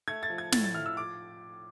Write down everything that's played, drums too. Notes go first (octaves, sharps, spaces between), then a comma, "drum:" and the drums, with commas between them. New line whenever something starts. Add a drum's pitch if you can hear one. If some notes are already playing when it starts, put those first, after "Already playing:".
A3 G#6
A6
F3
G#6
A2 A6, drum: snare
A6
E4 F6
E6
F3 D6